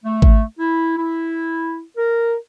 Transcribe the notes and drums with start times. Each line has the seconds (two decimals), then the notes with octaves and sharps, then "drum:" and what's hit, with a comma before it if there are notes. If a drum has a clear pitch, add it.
0.05 A3
0.22 drum: kick G#1
0.59 E4
0.97 E4
1.97 A#4